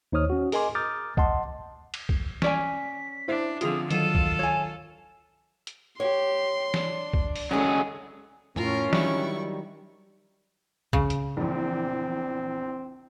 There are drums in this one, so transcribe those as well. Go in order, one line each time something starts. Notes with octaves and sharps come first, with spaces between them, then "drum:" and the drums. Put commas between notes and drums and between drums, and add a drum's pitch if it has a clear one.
D#2 D#4 C5 C#5 D#6 F6
C#4 F#4
G#4 A#4 D#5 G#5 C6 D6, drum: open hi-hat
A#5 D6 D#6 F6 G6 A6
D#5 F#5 A5 C6, drum: kick B1
drum: cymbal
drum: kick B1
C#4 D5 G#5 B6, drum: snare
D4 E4 C5 E5
D3 F3 C4 F4 G#4 D#6 F7, drum: hi-hat
D#3 F#3 F4 A4 D#7 E7, drum: hi-hat
drum: kick B1
C#5 G#5
drum: hi-hat
G4 C#5 C6
D4, drum: snare
drum: kick B1
drum: open hi-hat
D#3 F#3 G#3 C#4 G#4 A4
A2 C#4 F4 A#4, drum: tom F2
D#3 F#3 G3 D4 E4 C#6, drum: snare
C#3, drum: kick B1
drum: hi-hat
A#1 E2 C4